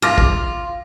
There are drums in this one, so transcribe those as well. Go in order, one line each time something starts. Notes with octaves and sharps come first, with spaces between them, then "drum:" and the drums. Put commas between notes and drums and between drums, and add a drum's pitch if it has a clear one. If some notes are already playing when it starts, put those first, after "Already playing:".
F4 D6 F6 A#6
drum: kick